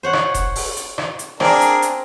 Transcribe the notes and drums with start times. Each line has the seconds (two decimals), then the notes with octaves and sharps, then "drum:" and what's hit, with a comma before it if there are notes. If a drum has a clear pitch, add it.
0.03 C5 C#5 F#5
0.13 drum: rim click
0.34 drum: kick E1, hi-hat
0.56 drum: open hi-hat
0.77 drum: hi-hat
0.98 drum: rim click
1.19 drum: hi-hat
1.40 C4 D4 G#4 A#4 D5, drum: rim click
1.61 drum: hi-hat
1.82 drum: hi-hat